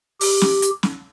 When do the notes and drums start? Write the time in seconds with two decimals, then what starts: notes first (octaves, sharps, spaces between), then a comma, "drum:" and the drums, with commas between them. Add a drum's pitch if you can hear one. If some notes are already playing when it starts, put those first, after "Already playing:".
0.21 G4, drum: open hi-hat
0.41 drum: snare
0.62 drum: hi-hat
0.83 drum: snare